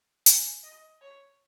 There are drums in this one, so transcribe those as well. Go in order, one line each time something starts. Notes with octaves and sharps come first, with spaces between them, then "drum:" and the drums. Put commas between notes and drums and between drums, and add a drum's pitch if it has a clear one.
G#5, drum: hi-hat
D#5
C#5